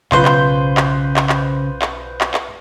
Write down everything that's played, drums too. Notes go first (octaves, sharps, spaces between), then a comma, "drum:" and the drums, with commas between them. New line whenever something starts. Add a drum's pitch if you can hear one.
B1 C#3 F4 B4 C5 C6 G6, drum: clap
drum: clap
drum: clap
drum: clap
drum: clap
drum: clap
drum: clap
drum: clap